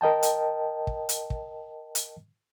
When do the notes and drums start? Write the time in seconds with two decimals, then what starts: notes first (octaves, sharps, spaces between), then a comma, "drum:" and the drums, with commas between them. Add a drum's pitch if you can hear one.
0.01 A#4 D#5 G5 A5
0.23 drum: hi-hat
0.87 drum: kick
1.09 drum: hi-hat
1.30 drum: kick
1.95 drum: hi-hat